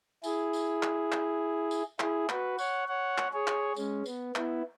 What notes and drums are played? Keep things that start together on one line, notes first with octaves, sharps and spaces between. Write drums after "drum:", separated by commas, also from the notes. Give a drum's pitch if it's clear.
E4 G#4, drum: tambourine
drum: tambourine
drum: clap
drum: clap
drum: tambourine
E4 G#4, drum: clap
F#4 B4, drum: clap
C#5 F#5, drum: tambourine
C#5 F#5
drum: clap
G#4 C#5
drum: clap
G#3 C#4, drum: tambourine
B3, drum: tambourine
B3 E4, drum: clap